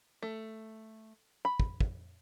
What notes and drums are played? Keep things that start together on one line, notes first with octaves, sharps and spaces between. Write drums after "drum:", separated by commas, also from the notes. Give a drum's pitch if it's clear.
A3
B5
drum: kick
drum: kick